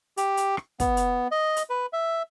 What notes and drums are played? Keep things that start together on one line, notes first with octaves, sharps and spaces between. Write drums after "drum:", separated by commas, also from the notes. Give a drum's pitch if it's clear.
G4, drum: hi-hat
drum: hi-hat
drum: rim click
B3, drum: kick, hi-hat
drum: hi-hat
D#5
drum: hi-hat
B4
E5